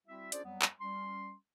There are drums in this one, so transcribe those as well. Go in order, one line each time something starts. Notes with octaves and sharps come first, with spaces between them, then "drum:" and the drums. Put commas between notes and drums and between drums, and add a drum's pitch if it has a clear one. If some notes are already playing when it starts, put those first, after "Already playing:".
G3 C4 E4 F#4 E5
C#4 D4 F4 G#4 C5 D5, drum: hi-hat
F2 F#3 G3 B3
drum: clap
G3 C#4 C6